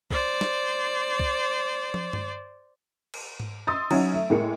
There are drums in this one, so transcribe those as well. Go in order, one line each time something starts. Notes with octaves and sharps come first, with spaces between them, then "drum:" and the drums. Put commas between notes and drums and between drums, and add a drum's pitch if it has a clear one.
C5 D5, drum: kick C2
drum: snare
drum: kick C2
drum: tom
drum: tom G2
drum: cymbal
drum: tom G#2
C6 D#6 E6 A6
F#3 C#4 D#4 E4, drum: cymbal
A3
A2 G#3 A#3 C#7